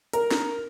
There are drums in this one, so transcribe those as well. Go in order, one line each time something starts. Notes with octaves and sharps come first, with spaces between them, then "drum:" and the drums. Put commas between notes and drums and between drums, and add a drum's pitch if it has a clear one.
A#4, drum: hi-hat
drum: snare